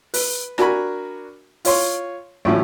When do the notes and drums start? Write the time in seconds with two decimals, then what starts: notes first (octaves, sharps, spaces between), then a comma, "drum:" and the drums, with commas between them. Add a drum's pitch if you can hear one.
0.14 B4, drum: open hi-hat
0.58 D4 F#4 A#4 G#5 A#5 B5, drum: rim click
1.65 F4 C#5 C6, drum: open hi-hat
2.45 A1 A2 D3 F3 F#3 C#4